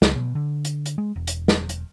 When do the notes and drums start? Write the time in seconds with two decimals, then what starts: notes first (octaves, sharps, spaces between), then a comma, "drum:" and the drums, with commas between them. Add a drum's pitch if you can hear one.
0.02 C#2, drum: snare
0.16 B2
0.35 D3
0.65 drum: hi-hat
0.86 drum: hi-hat
0.98 G#3
1.16 E1
1.27 drum: hi-hat
1.48 drum: snare
1.69 drum: hi-hat